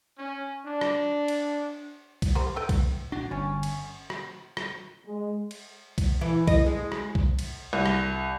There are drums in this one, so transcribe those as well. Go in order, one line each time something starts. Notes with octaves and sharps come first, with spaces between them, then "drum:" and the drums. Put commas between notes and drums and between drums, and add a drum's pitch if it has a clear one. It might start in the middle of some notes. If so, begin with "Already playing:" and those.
C#4
D4
drum: rim click
drum: cymbal
drum: kick B1, cymbal
G3 A#4 C5
A4 B4 G5
drum: kick B1, cymbal
A#1 D4 F#4
G1 C#4 C#5 A5
drum: cymbal
drum: rim click
drum: rim click
G#3
drum: cymbal
drum: kick B1, cymbal
E3
D#5, drum: kick B1, cymbal
G#3
drum: rim click
drum: kick B1
drum: cymbal
C2
drum: rim click